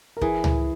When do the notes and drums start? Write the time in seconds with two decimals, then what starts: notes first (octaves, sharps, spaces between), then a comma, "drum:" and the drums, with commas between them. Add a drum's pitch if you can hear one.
0.17 A#4
0.21 E3 G#4, drum: kick
0.44 drum: tom C#2